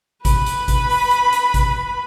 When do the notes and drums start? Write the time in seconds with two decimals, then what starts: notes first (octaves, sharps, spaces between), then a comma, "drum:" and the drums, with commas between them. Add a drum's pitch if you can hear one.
0.25 B4 B5, drum: kick G#1, hi-hat
0.46 drum: hi-hat
0.68 drum: kick G#1, hi-hat
0.90 drum: open hi-hat
1.11 drum: hi-hat
1.33 drum: hi-hat
1.54 drum: kick G#1, hi-hat